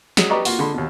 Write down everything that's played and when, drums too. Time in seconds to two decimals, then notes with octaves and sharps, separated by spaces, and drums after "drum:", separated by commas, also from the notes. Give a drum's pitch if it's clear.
0.17 F#3 G#3 D#6, drum: snare
0.30 G4 B4 D5 D#5 A#5 C#6
0.45 A#3 F4 F#4, drum: open hi-hat
0.59 D3 G#3 B5 C6
0.74 D#2 B2